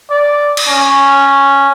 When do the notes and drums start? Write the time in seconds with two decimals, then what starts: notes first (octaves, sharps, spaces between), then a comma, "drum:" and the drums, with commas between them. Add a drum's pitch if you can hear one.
0.11 D5
0.57 drum: cymbal
0.68 C#4